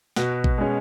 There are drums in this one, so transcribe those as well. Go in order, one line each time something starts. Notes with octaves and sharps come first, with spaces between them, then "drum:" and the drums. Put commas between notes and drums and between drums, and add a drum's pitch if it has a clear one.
B2 F#4, drum: snare
drum: kick A1
G#3 C#4 G#4